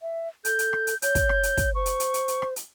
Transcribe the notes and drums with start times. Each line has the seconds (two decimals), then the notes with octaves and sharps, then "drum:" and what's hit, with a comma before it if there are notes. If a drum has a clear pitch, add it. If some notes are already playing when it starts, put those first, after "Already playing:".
0.01 E5
0.45 A4 G6, drum: hi-hat
0.59 drum: hi-hat
0.73 drum: rim click
0.87 drum: hi-hat
1.02 C#5 G6, drum: hi-hat
1.15 drum: kick, hi-hat
1.29 drum: rim click
1.43 drum: hi-hat
1.57 drum: kick, hi-hat
1.75 C5 C#6
1.86 drum: hi-hat
2.00 drum: hi-hat
2.14 drum: hi-hat
2.28 drum: hi-hat
2.42 drum: rim click
2.56 drum: hi-hat